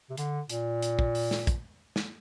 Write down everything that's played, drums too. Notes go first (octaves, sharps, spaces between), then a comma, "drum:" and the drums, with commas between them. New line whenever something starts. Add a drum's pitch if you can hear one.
C3
D3, drum: hi-hat
A#2, drum: hi-hat
drum: hi-hat
drum: kick
drum: open hi-hat
drum: snare
drum: kick, hi-hat
drum: snare